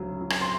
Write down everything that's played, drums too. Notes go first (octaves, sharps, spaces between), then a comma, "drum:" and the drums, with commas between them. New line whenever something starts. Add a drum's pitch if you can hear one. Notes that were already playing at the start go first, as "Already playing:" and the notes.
Already playing: D2 C#3 F#3
F#3
drum: rim click
C6